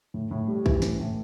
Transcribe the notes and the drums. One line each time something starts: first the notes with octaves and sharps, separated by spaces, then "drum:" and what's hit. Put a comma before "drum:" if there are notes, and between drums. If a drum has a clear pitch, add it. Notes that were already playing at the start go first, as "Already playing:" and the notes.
A2
A2
G3
E3, drum: kick A#1
A2, drum: snare
A2